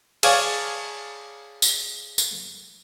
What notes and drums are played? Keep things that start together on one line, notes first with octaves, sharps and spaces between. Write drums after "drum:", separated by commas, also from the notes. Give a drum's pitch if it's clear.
G#4 C#5 D5 F5 G#5 A5, drum: cymbal
drum: tambourine
drum: tambourine